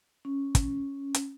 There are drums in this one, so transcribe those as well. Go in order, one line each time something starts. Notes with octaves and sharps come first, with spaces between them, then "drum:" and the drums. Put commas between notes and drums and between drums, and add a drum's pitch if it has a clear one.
C#4
drum: kick, hi-hat
drum: hi-hat